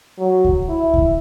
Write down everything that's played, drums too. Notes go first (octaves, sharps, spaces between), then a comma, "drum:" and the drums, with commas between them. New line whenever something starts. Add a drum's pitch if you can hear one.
F#3
drum: kick C#2
E4
drum: kick C#2